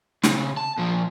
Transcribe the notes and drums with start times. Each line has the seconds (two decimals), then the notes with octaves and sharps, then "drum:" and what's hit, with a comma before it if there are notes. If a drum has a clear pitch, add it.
0.23 C#3 C4, drum: snare
0.57 A5
0.78 A#2 F3